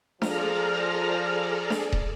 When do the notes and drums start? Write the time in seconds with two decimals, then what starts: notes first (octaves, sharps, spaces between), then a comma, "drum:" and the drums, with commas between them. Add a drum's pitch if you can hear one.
0.22 F3 G#4 A4 D5 A#5 F6, drum: snare D4
1.70 drum: snare D4
1.93 drum: kick D#1